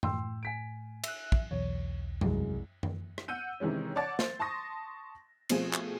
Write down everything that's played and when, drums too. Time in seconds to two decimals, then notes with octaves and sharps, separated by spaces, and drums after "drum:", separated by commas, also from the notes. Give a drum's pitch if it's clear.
0.03 A2 G5 C6 E6, drum: tom F#2
0.43 G#5 B6 D7
1.04 E5 F#6, drum: cymbal
1.32 drum: kick
1.51 B1 E2 C#5
2.21 C2 F#2 G#3, drum: tom F#2
2.83 drum: tom F#2
3.18 drum: rim click
3.28 F#5 E6 G6 D#7
3.60 C3 D#3 E3 G#3 C#4
3.96 C#5 D5 F#5 A5 D6 A6
4.19 C5, drum: snare
4.40 A5 C6 C#6 D#6 A#6
5.50 B2 F3 A3 C4 F4 G#4, drum: cymbal
5.73 drum: clap